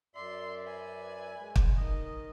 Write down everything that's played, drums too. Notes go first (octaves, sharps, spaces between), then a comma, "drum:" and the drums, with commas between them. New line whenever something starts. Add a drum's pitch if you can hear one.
F#2 D5 E5 C6
B4 G#5
G#3
drum: kick
D#3 D#5